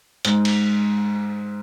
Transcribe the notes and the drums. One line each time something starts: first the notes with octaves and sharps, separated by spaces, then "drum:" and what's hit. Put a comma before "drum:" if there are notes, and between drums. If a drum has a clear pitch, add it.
G#2, drum: hi-hat
drum: cymbal